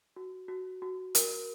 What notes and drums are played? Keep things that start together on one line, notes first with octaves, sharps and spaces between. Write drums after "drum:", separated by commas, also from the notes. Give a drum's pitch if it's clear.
F#4
F#4
F#4
A#4, drum: hi-hat